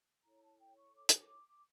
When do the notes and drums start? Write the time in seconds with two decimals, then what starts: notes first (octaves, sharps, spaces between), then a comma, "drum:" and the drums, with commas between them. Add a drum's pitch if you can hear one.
0.24 E4 A4 C#5 A#5
0.42 A5
0.59 G5
0.77 C#6
0.96 D6
1.09 D#6, drum: hi-hat
1.21 D6